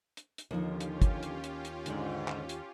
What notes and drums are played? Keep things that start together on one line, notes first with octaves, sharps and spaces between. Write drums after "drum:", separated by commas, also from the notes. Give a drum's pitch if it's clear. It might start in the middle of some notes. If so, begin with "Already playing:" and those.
drum: hi-hat
drum: hi-hat
D#2 D3 F3 C#4 D#4 F4 G4
drum: hi-hat
drum: kick, hi-hat
drum: hi-hat
drum: hi-hat
drum: hi-hat
G#2 D3 D5, drum: hi-hat
drum: clap
drum: hi-hat